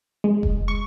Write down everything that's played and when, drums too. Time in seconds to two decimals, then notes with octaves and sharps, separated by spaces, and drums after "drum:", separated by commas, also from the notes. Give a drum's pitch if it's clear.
0.24 G#3
0.43 drum: kick F1
0.68 C#6